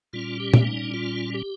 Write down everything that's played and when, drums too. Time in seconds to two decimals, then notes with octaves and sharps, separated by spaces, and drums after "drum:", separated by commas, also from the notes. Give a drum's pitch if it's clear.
0.13 A#2 G3 C#4 F4
0.40 G4
0.54 drum: tom
0.67 D#4
0.94 F4
1.34 G4